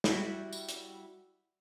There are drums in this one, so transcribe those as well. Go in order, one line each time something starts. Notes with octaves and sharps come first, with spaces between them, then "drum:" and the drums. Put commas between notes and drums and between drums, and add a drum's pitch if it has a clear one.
G3 E4 F#4 E5, drum: snare
drum: tambourine
drum: hi-hat